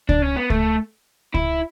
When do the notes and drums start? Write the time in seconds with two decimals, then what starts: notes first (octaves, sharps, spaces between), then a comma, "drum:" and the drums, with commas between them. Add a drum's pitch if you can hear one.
0.09 D4, drum: kick C#2
0.22 C#4
0.36 B3
0.50 A3, drum: kick C#2
1.35 E4, drum: kick C#2